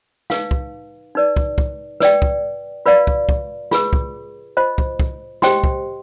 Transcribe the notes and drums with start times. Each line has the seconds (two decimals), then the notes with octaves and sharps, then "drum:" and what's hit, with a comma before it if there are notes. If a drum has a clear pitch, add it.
0.30 D#4 B4 F5, drum: snare
0.51 drum: kick
1.15 D#4 B4 D5
1.36 drum: kick
1.58 drum: kick
2.00 B4 D5 G5, drum: snare
2.22 drum: kick
2.86 F4 B4 D5 F5
3.07 drum: kick
3.29 drum: kick
3.71 F4 G#4 B4, drum: snare
3.93 drum: kick
4.57 F4 C5 D#5
4.78 drum: kick
4.99 drum: kick
5.42 G4 C5 D#5 G5 C6, drum: snare
5.64 drum: kick